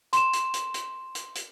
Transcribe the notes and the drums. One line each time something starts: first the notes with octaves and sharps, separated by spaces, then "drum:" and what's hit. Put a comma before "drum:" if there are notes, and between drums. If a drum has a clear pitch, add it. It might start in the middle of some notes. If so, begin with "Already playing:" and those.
C6 E7, drum: hi-hat
drum: hi-hat
drum: hi-hat
drum: hi-hat
drum: hi-hat
drum: hi-hat